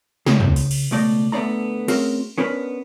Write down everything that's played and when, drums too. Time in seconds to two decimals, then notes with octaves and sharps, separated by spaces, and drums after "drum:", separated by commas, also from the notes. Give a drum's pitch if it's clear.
0.26 C#3, drum: snare
0.40 drum: tom
0.56 drum: open hi-hat
0.71 drum: cymbal
0.91 C#2 B2 A3 D5 D#5
1.32 D3 A3 B3 D4 D5 A#5
1.88 A3 C4 C#4 F#4 G#4 A#4, drum: cymbal
2.38 B3 C#4 D4 A#4 B4